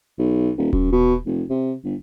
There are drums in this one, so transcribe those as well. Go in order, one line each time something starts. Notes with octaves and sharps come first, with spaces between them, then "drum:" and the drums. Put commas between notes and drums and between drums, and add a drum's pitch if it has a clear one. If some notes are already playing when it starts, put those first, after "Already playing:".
B1
D#1
F#2, drum: kick D#1
B2
F1
C3
G1